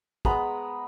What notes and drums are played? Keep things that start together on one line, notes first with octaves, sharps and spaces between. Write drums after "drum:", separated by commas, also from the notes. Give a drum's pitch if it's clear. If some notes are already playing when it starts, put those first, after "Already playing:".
G#3 B3 A#5 B5, drum: kick